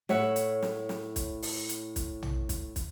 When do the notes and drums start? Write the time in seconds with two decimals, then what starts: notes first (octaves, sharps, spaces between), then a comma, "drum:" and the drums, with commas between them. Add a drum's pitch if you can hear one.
0.09 A2 C#5 E5 F#5, drum: snare
0.36 drum: hi-hat
0.62 drum: snare
0.89 drum: snare
1.16 drum: kick, hi-hat
1.42 drum: open hi-hat
1.69 drum: hi-hat
1.96 drum: kick, hi-hat
2.22 drum: tom
2.49 drum: kick, hi-hat
2.76 drum: kick, hi-hat